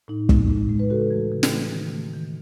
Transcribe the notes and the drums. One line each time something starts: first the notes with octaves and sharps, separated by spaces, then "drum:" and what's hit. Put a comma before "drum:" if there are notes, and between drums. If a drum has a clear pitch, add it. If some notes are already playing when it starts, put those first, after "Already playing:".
A2 D#4
G#3, drum: kick
A2
G#3
B4
C#3 F#4 A4
E3 A3
C#3
drum: snare
E3 A3
D#3
A3
D#3